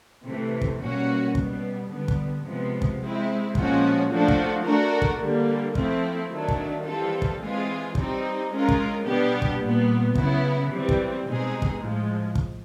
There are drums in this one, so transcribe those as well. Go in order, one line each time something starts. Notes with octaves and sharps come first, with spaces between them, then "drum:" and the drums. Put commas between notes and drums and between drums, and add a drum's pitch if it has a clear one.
C3 E3 A3
drum: kick
B2 G3 A#3 C#4 F#4
B2 G3 B3, drum: kick
D3 G3 B3
drum: kick
C3 F3 G#3 B3
drum: kick
G#3 C4 E4
A#2 F3 G#3 C#4 F#4, drum: kick
F3 A3 D4 F#4
drum: kick
A3 D4 F#4 A#4
drum: kick
D3 G3 A#3
F3 A3 C4 E4, drum: kick
D#3 F#3 A3 D4
drum: kick
E3 G3 C4 F4 A4
drum: kick
E3 G#3 C4 F4 G#4
G3 C4 D#4, drum: kick
G#3 C#4 F4 A#4
drum: kick
B2 G3 B3 D4 G4
drum: kick
A#2 G3 B3
C#3 F#3 B3 E4, drum: kick
E3 G3 C4
drum: kick
B2 G#3 C4 D#4 G#4
drum: kick
A2 F3 G#3
drum: kick